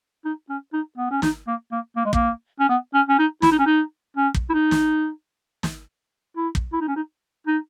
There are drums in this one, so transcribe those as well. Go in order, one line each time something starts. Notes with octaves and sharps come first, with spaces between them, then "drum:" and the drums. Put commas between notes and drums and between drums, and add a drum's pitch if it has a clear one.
D#4
C#4
D#4
B3
C#4
D#4, drum: snare
A#3
A#3
A#3
G#3
A#3, drum: kick
C#4
B3
C#4
C#4
D#4
E4, drum: snare
D#4
C#4
D#4
C#4
drum: kick
E4
D#4
drum: snare
drum: snare
E4
drum: kick
E4
D#4
C#4
D#4
D#4